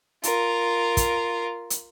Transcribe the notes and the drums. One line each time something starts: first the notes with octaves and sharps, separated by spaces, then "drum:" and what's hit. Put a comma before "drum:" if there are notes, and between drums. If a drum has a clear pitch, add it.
F4 A#4, drum: hi-hat
drum: kick, hi-hat
drum: hi-hat